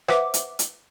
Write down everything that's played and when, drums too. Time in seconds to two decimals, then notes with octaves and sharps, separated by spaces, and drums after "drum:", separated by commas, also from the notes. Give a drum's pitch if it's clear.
0.08 B4 C5 E5 F#5 D6, drum: rim click
0.34 drum: hi-hat
0.59 drum: hi-hat